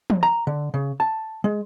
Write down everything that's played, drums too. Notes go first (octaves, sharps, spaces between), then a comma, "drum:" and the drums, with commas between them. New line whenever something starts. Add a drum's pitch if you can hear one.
drum: tom
A#5
D3
C#3
A5
G#3